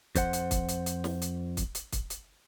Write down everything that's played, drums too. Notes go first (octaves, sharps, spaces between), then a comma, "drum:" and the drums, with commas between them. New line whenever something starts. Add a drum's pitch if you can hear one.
F2 C5 F#5, drum: kick, hi-hat
drum: hi-hat
drum: kick, hi-hat
drum: hi-hat
drum: hi-hat
drum: snare
drum: hi-hat
drum: kick, hi-hat
drum: hi-hat
drum: kick, hi-hat
drum: hi-hat